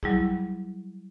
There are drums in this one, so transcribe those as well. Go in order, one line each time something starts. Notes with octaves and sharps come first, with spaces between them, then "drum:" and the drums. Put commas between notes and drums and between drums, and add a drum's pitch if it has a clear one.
F#3 G3 E4 G#4, drum: kick A#1